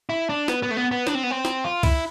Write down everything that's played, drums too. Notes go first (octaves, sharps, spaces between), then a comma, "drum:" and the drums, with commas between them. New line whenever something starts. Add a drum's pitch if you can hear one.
E4
D4
B3, drum: snare
B3
A3
B3
B3
D4, drum: snare
C4
B3
C4
drum: snare
F4
E4, drum: kick C#2, cymbal